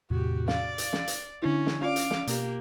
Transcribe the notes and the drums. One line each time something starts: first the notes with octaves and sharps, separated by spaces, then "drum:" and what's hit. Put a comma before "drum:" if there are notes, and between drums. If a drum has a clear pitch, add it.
E2 A2 C3 F#4 G4
D5 F5, drum: snare
drum: hi-hat
drum: snare
drum: hi-hat
D3 C#4 D4 E4
drum: snare
C#4 F4 D5 F5 D6
drum: hi-hat
drum: snare
B2 A#3 G4, drum: hi-hat